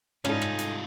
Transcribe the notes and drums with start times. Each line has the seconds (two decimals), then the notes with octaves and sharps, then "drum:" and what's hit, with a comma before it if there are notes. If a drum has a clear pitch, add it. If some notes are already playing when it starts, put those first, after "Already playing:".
0.25 C2 G#2 C#4 D#4 F4 A4, drum: rim click
0.42 drum: rim click
0.59 drum: hi-hat